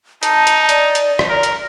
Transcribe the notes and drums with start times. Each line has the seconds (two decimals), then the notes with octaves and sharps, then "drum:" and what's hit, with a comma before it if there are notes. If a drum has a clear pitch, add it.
0.23 D#4 A5, drum: hi-hat
0.47 drum: hi-hat
0.69 D5, drum: hi-hat
0.95 drum: hi-hat
1.19 drum: rim click
1.29 A#4
1.43 drum: hi-hat